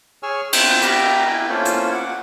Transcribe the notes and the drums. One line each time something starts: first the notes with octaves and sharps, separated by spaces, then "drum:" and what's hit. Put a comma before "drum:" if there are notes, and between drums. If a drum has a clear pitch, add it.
G#4 C#5 G#5 C#6 E6 F6
C5 E5 G5, drum: cymbal
G4 A#4 E5 G5 A#5 B5, drum: hi-hat
E4 G5 G#5
A#3 C#4 E4 F4 A4 C5
drum: hi-hat
F#5 D6